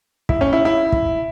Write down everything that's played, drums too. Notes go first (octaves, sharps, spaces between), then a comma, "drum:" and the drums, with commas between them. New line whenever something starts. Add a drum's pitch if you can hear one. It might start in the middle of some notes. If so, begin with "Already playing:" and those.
E4, drum: kick
C#4
E4
E4
drum: kick